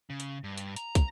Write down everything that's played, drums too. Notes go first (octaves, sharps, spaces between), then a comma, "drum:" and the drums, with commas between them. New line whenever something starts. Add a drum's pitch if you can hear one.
C#3
drum: hi-hat
G2
drum: hi-hat
A#5, drum: hi-hat
drum: kick, hi-hat